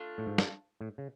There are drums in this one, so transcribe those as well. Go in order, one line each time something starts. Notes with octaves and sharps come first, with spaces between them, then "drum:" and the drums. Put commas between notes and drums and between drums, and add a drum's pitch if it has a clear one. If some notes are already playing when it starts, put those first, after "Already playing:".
Already playing: A3 D4 F4
A2
G#2
drum: snare
A2
C#3